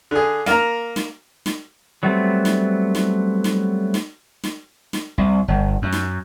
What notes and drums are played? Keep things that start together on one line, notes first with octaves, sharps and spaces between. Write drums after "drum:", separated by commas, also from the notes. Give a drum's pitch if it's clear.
D3 G#4
A#3 A#4 A#5, drum: snare
drum: snare
drum: snare
F#3 G3 A3 B3 C4
drum: snare
drum: snare
drum: snare
drum: snare
drum: snare
drum: snare
C2
G1
F#2
drum: snare